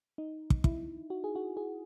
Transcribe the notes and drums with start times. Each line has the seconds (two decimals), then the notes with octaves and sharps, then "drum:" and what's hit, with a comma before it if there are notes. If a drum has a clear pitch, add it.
0.18 D#4
0.50 drum: kick
0.64 E4, drum: kick
1.10 F#4
1.24 G#4
1.35 F#4
1.57 G#4